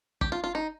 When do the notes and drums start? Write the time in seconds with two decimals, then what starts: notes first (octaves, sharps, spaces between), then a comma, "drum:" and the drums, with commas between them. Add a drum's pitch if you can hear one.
0.21 G4, drum: kick
0.32 F4
0.44 F4
0.55 D#4